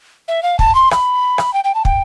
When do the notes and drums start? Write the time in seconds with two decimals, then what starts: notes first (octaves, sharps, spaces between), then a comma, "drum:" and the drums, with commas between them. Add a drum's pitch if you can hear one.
0.28 E5
0.43 F5
0.59 A5, drum: kick
0.75 C6
0.91 B5, drum: rim click
1.38 drum: rim click
1.53 G5
1.64 G5
1.75 A5
1.85 G5, drum: kick